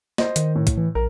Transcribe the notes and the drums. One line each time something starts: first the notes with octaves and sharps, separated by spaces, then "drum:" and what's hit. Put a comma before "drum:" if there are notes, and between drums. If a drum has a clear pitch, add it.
C5 D#5, drum: snare
D#3, drum: hi-hat
A2
drum: kick, hi-hat
E3
A#1 A#4